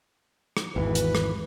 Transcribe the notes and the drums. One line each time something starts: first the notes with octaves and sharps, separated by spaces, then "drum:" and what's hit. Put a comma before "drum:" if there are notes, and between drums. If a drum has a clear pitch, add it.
drum: rim click
G#1 E2 E3 B4
drum: hi-hat
drum: rim click